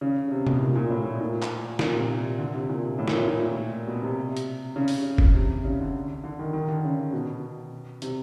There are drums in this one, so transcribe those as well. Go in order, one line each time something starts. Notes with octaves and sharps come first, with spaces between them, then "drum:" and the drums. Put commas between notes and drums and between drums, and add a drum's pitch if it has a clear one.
C#3
C3
B2, drum: tom C3
A#2
A#2
A2
A#2
drum: clap
A#2, drum: snare
C3
D3
C3
A#2
A2
A#2, drum: snare
A2
A#2
B2
C3
drum: hi-hat
C#3
drum: open hi-hat
drum: kick
C3
C#3
D3
D3
D#3
D#3
D3
C#3
B2
C3, drum: hi-hat